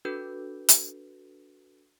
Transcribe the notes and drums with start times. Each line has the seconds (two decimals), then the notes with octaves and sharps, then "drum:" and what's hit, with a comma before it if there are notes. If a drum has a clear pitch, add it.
0.05 D4 F#4 A4 B4 G6
0.69 drum: hi-hat